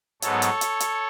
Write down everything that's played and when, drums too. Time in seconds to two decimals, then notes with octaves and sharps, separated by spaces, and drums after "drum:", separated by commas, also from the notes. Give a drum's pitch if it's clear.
0.22 G#2 F#3 B3 A4 C#5, drum: hi-hat
0.42 drum: hi-hat
0.61 drum: hi-hat
0.80 drum: hi-hat